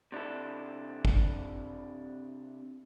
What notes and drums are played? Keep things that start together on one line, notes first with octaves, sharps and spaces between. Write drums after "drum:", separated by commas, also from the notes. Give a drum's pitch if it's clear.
C3 D4 E4 A4
drum: kick G#1